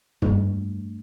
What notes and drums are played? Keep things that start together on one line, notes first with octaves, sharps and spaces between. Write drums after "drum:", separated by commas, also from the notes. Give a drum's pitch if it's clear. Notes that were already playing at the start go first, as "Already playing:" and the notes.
G2 A3, drum: tom